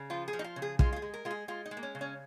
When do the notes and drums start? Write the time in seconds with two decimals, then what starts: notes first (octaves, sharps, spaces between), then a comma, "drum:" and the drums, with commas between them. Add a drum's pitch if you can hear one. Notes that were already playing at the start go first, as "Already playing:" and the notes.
Already playing: C#3
0.10 F3 F4
0.28 G#4
0.33 F3
0.39 D#4
0.44 F4
0.56 C#3
0.62 G#4
0.79 G#3 F4, drum: kick
0.93 F4
0.96 G#4
1.02 G#3
1.14 A#4
1.25 G#3 F4
1.31 G#4
1.48 G#3 F4
1.66 D#4
1.71 G#3
1.77 A#3
1.83 C#4
1.95 C#3
2.01 C#4